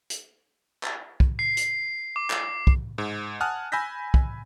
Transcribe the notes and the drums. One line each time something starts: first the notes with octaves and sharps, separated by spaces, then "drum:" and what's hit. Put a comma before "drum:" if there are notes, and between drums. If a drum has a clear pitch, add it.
drum: hi-hat
drum: clap
drum: kick
C7
drum: hi-hat
D6
drum: clap
drum: kick
G#2
F#5 G#5 A5 D#6 F6 F#6
G#5 B5 E6 G6 A#6 B6
drum: kick